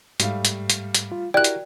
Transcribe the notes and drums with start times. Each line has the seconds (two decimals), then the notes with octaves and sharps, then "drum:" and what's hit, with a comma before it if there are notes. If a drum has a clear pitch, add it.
0.20 G#2 G3 A3 F5, drum: hi-hat
0.45 drum: hi-hat
0.70 drum: hi-hat
0.94 drum: hi-hat
1.12 F4
1.34 E4 F#4 G4 A#4 D5 G5 F#6
1.44 drum: hi-hat